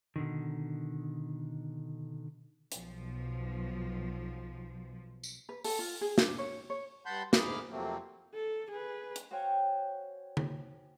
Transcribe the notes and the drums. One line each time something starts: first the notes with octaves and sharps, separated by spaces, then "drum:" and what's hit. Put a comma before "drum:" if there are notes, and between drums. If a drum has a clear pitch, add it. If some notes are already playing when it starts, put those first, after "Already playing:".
B2 D3 D#3
B1 F3, drum: hi-hat
drum: tambourine
B4
A4, drum: open hi-hat
F4
G#4
D4, drum: snare
C#5
C#5
G2 F#5 A5 B5 C6 G6
D2 G#2 G#4 B5 D6 F6, drum: snare
F2 C3 F#3 A3 A#3 C4
A4
G#4 B4
drum: hi-hat
F#4 C5 C#5 F5 G5 G#5
drum: tom D3